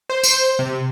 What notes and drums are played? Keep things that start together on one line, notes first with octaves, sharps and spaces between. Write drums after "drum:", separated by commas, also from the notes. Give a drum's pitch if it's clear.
C5
drum: tambourine
C3